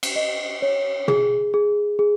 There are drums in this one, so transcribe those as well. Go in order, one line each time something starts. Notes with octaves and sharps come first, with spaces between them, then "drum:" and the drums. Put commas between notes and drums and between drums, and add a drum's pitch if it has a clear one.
drum: cymbal
D#5
C#5
G#4, drum: tom
G#4
G#4